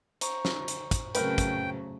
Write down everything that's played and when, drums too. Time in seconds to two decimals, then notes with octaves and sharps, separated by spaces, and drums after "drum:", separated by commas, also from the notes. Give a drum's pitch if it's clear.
0.21 C5 A#5 C#6, drum: hi-hat
0.45 drum: snare
0.68 drum: hi-hat
0.91 drum: kick, hi-hat
1.15 C#3 F#3 A3 C4 A#4 B4 G5, drum: hi-hat
1.38 drum: kick, hi-hat